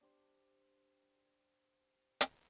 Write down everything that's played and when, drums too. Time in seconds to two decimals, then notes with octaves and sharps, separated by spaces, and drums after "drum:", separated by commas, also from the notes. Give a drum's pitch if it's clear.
0.01 D4 G4 C5
2.21 drum: hi-hat